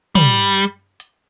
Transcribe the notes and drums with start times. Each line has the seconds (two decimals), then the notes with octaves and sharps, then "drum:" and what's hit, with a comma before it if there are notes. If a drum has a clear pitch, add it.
0.15 G3, drum: tom
1.00 drum: hi-hat